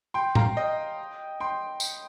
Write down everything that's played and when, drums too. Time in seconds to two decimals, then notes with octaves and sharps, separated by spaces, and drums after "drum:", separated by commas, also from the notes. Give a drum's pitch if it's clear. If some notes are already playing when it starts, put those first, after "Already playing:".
0.14 G5 C6
0.35 F5 A#5, drum: tom A2
0.57 D#5 G5
1.40 G5 C6
1.80 drum: tambourine